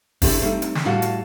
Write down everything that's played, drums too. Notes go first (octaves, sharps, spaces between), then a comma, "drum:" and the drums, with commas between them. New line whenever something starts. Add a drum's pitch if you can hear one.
C4 D4 E4 G4 A4, drum: kick, open hi-hat
G3 A3 C4 D#4
drum: hi-hat
drum: snare
F2 A2 G3 F#4 F5 A5
drum: hi-hat